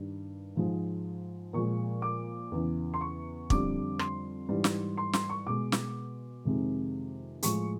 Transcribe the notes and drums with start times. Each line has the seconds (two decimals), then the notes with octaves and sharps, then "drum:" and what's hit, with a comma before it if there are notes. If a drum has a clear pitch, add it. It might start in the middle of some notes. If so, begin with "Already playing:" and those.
Already playing: G2 D#3 G3
0.56 G#2 F3 G#3
1.53 A#2 F3 G#3 C#6
2.02 D6
2.52 E2 C#3 E3
2.94 C6
3.01 C#6
3.50 F2 D3 G3 D6, drum: kick
3.99 C6, drum: rim click
4.48 G#2 E3 G3
4.64 drum: snare
4.97 C6
5.13 C6, drum: snare
5.29 C#6
5.46 B2 G#3 D6
5.72 drum: snare
6.45 F2 C3 D#3 G#3
7.42 A2 F3 G#3 C#6, drum: hi-hat